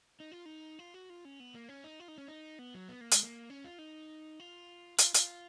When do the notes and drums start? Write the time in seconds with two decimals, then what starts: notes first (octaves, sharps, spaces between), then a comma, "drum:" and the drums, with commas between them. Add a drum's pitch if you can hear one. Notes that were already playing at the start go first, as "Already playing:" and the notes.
0.20 D#4
0.32 F4
0.45 D#4
0.79 F4
0.94 F#4
1.10 F4
1.25 C#4
1.40 B3
1.55 A#3
1.69 C#4
1.84 D#4
2.00 F4
2.08 D#4
2.18 C#4
2.28 D#4
2.59 B3
2.74 F#3
2.89 B3
3.01 A#3
3.11 G#3, drum: hi-hat
3.22 A#3
3.50 C#4
3.64 F4
3.79 D#4
4.40 F4
4.98 F4, drum: hi-hat
5.14 F4, drum: hi-hat